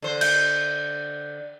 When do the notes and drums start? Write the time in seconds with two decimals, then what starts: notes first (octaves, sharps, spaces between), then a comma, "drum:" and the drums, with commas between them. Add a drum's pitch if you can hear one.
0.02 D3 C5
0.21 G6, drum: cymbal